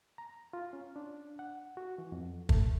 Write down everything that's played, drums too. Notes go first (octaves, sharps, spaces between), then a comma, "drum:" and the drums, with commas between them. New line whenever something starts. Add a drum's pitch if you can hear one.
A#5
F4
C#4
D4
F#5
F#4
E3
F2
A3, drum: kick